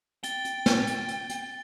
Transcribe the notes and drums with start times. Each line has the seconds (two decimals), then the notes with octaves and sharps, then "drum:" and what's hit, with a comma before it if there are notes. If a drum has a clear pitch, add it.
0.24 G5 A6 G7, drum: hi-hat
0.45 drum: hi-hat
0.66 drum: snare
0.87 drum: hi-hat
1.08 drum: hi-hat
1.30 drum: hi-hat